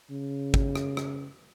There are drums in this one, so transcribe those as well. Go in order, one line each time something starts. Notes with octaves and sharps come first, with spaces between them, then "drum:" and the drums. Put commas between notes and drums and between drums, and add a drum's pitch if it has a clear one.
C#3
drum: kick
drum: rim click
drum: rim click